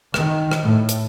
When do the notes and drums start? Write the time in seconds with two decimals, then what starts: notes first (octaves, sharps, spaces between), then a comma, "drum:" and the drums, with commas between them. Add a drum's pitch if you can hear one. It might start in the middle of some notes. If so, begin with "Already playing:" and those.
0.14 D#3, drum: rim click
0.51 drum: rim click
0.62 A2
0.89 drum: hi-hat